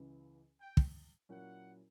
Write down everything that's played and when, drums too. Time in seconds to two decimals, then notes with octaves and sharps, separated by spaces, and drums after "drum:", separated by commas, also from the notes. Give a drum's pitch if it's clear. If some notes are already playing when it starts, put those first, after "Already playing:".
Already playing: C#2 C#3 E3
0.59 G5
0.77 drum: kick
1.29 A#2 F#3 C#4 E4 A#4 F#5